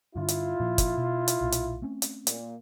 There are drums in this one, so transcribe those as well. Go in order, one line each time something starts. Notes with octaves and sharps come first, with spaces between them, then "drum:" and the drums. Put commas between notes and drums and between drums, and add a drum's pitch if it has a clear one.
G2 D3 E4 F4
drum: hi-hat
A#2 F3
drum: kick, hi-hat
B2
drum: hi-hat
B1 A#2
drum: hi-hat
A3 C4 C#4
drum: hi-hat
A#2, drum: hi-hat